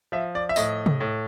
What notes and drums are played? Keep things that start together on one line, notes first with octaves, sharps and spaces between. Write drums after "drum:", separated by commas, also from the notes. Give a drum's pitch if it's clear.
F3 E5
D5
E5
A2 D#5, drum: tambourine
drum: tom C3
A2